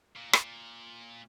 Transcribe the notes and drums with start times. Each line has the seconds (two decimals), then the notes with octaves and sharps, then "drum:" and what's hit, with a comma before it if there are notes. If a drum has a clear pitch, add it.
0.16 A#2
0.33 A#2, drum: rim click